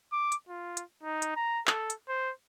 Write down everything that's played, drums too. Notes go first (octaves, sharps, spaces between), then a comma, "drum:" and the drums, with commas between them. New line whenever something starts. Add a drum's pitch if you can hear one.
D6
drum: hi-hat
F4
drum: hi-hat
D#4
drum: hi-hat
A#5
A4, drum: clap
drum: hi-hat
C5